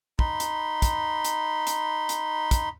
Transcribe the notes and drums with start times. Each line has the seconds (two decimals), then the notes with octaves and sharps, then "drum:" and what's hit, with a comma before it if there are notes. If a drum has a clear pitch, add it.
0.19 D#4 B5 C6, drum: kick
0.40 drum: hi-hat
0.82 drum: kick, hi-hat
1.25 drum: hi-hat
1.67 drum: hi-hat
2.09 drum: hi-hat
2.51 drum: kick, hi-hat